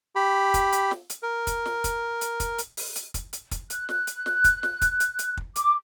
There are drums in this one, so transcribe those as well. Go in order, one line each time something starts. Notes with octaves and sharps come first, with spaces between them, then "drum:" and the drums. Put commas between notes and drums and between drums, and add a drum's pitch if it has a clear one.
G4 B5
drum: kick, hi-hat
drum: hi-hat
drum: snare
drum: hi-hat
A#4
drum: kick, hi-hat
drum: snare
drum: kick, hi-hat
drum: hi-hat
drum: kick, hi-hat
drum: hi-hat
drum: open hi-hat
drum: hi-hat
drum: kick, hi-hat
drum: hi-hat
drum: kick, hi-hat
F#6, drum: hi-hat
drum: snare
drum: hi-hat
drum: snare
drum: kick, hi-hat
drum: snare
drum: kick, hi-hat
drum: hi-hat
drum: hi-hat
drum: kick
D6, drum: hi-hat